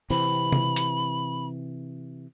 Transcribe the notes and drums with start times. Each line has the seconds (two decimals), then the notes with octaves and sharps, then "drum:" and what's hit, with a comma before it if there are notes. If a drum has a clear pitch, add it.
0.10 C3 E3 C4 B5
0.52 drum: tom C3
0.76 drum: hi-hat